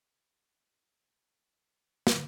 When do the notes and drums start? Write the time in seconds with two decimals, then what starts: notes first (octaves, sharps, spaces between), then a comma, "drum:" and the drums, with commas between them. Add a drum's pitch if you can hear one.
0.20 G3 C#4
0.80 E3 A3 D4
1.40 D3 G3 C#4 C#5
1.70 C#5
2.07 drum: snare